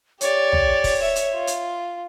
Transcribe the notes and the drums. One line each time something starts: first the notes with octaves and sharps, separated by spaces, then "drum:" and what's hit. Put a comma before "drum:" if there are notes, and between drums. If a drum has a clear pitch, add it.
G4 C#5 D5, drum: hi-hat
drum: tom
drum: kick, open hi-hat
E5
drum: hi-hat
F4
drum: hi-hat